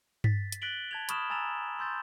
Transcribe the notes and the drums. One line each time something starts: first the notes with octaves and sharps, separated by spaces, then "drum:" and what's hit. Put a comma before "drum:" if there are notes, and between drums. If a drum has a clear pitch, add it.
A6 B6, drum: tom G2
drum: hi-hat
F#6 A6 B6 D7 F#7 G7
A5 G#6 F7
B5 C#6 D#6 F6 E7, drum: hi-hat
G#5 A#5 E6 A6 E7 F7
C6 E6 G6 A6